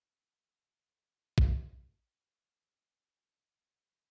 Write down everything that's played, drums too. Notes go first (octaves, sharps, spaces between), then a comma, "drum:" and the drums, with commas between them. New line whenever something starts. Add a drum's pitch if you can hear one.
F#5
E5 G5
C#4
C4 D#4 G#4 A4 C#5
A#3 E4 F4 C#5 C6
drum: kick
C5
B1
A#1 B5